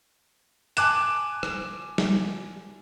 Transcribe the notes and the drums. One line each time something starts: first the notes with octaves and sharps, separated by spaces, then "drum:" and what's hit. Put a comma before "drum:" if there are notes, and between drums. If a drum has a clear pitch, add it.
G#5 A5 D6 F#6 E7, drum: hi-hat
drum: rim click
drum: snare